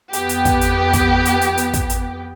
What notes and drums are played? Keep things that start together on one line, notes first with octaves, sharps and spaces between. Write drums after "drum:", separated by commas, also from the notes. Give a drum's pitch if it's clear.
F2 B3 G4, drum: hi-hat
drum: hi-hat
drum: kick, hi-hat
drum: hi-hat
drum: kick, hi-hat
drum: hi-hat
drum: hi-hat
drum: hi-hat
drum: kick, hi-hat
drum: hi-hat